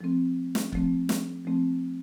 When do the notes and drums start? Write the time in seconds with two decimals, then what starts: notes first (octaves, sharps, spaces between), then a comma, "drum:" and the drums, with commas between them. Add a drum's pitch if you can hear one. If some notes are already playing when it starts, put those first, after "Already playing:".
0.01 F3 A3 C4
0.55 drum: snare
0.72 F3 A3 C4, drum: kick C#1
1.09 drum: snare
1.45 F3 A3 C4